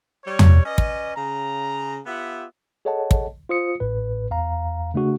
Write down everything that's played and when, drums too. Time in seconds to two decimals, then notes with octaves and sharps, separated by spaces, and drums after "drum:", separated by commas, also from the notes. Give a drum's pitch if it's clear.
0.24 G3 C#5
0.39 drum: tom E2
0.65 C#4 B4 D5 D#5
0.78 drum: kick
1.16 C#3 A#5
2.06 B3 F4 G4 E5 F#5
2.85 G#4 A4 C#5 D#5 F#5 A5
3.11 drum: kick
3.49 F4 C5 D#6 C#7
3.80 A1 A2 B4
4.31 E2 F5 A#5
4.94 C#3 A3 D4 F#4 G#4